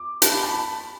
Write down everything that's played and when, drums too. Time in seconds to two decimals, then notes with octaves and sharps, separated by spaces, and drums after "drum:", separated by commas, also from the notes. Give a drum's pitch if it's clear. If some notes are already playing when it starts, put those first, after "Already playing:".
Already playing: D6
0.22 A5, drum: hi-hat
0.32 B5
0.43 A5
0.52 B5